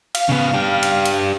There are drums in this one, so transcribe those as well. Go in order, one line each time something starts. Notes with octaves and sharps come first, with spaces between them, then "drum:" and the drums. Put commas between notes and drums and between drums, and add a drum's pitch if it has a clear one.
F5, drum: cymbal
C#3 B3
D4 G4
drum: cymbal
drum: cymbal